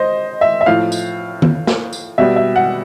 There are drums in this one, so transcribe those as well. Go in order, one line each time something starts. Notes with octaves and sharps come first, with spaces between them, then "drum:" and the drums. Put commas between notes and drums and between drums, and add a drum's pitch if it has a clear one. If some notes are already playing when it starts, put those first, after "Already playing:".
Already playing: C5 D#5
E5
E5
A2 F3 F5
drum: tambourine
drum: tom D#3
drum: snare
drum: tambourine
B2 G3 E5
E5
F#5